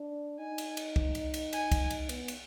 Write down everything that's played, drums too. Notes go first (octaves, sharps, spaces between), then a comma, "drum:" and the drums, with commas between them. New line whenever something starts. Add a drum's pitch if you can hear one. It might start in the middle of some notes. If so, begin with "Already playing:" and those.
Already playing: D4
D#4 G#5
drum: cymbal
drum: cymbal
drum: kick
drum: cymbal
drum: cymbal
G#5, drum: cymbal
drum: kick, cymbal
drum: cymbal
B3, drum: cymbal
drum: cymbal